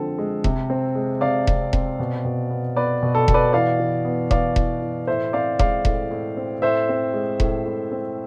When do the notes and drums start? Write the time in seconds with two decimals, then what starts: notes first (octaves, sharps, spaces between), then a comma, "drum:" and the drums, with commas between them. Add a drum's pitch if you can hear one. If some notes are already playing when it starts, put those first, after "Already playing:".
Already playing: D3 F3 G#3 C4 A4
0.18 G#3
0.44 C3, drum: kick E1
0.70 C4
0.95 G#3
1.21 C3 D5 F5
1.47 C3, drum: kick E1
1.73 C4, drum: kick E1
1.99 B2
2.25 B2
2.50 B3
2.76 B3 B4 D5
3.03 B2
3.15 A4
3.28 B2, drum: kick E1
3.34 B4 D5
3.53 E3 D5 F5
3.80 E3
4.05 B3
4.31 B3 D5 F5, drum: kick E1
4.56 E3, drum: kick E1
4.82 E3
5.07 A2 C5 E5
5.33 C4 D5 F5
5.59 G#3 D5 F5, drum: kick E1
5.85 A2, drum: kick E1
6.11 A2
6.37 C4
6.62 A2 C5 E5
6.89 C4
7.14 G#3
7.40 A2, drum: kick E1
7.66 A2
7.92 C4